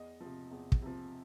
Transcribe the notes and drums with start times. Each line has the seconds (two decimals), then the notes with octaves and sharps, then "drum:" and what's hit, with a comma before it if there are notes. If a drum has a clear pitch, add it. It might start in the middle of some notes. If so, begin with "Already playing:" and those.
Already playing: E2 D#5
0.20 C3 F3
0.51 E2
0.72 drum: kick
0.82 C3 F3